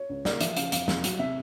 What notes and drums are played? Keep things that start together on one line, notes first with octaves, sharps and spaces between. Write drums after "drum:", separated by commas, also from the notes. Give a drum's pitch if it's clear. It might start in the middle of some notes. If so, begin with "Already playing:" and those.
Already playing: C#5
C#2
A#3 D5, drum: snare
F3 E5, drum: hi-hat
C#3 F5, drum: hi-hat
F2 F5, drum: hi-hat
F2, drum: snare
F#3, drum: hi-hat
C3 E5